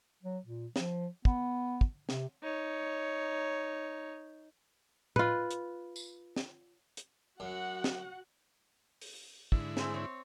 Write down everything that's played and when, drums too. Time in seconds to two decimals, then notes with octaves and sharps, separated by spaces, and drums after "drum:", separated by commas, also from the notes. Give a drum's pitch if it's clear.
0.23 F#3
0.46 A#2
0.76 F3, drum: snare
1.25 B3, drum: kick
1.81 drum: kick
2.09 C3, drum: snare
2.43 D#4 C#5
5.16 F4 B4, drum: tom A2
5.51 drum: hi-hat
5.96 drum: tambourine
6.36 drum: snare
6.97 drum: hi-hat
7.40 F#2 F#4 F#5
7.84 drum: snare
9.01 drum: open hi-hat
9.52 G#2 D3 E4, drum: kick
9.77 A3 C4 G#4, drum: snare
9.94 C4 C#5